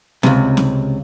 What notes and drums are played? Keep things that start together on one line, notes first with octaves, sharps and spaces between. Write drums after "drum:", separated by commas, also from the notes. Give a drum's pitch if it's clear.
C#2 G2 C3, drum: snare
drum: snare